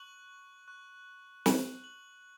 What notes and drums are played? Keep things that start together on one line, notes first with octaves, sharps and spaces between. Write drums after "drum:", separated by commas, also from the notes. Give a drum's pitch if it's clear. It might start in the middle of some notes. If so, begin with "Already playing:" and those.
Already playing: C#6 F#6 F#7
C#6 F#6
C#6 F#6 F#7, drum: snare
F#7